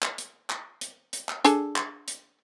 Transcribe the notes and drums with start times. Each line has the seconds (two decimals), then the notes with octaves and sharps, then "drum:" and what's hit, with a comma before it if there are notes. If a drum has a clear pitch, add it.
0.02 drum: clap
0.18 drum: hi-hat
0.50 drum: clap
0.81 drum: hi-hat
1.13 drum: hi-hat
1.29 drum: clap
1.45 D4 G#4 A4, drum: hi-hat
1.76 drum: clap
2.08 drum: hi-hat